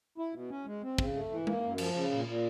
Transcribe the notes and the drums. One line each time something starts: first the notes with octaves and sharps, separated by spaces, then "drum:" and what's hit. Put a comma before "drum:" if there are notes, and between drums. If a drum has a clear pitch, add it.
E4
B2
C#4
G#3
C4
C#3, drum: kick
A3
E3
A#3, drum: tom G#3
F#2
F3, drum: cymbal
C#3
A#2
A#2